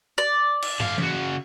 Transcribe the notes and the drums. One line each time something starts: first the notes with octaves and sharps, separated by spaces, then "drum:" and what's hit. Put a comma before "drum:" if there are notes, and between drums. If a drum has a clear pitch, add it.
D5
drum: cymbal
D3 F5, drum: tom
C#3 F#4, drum: tom E3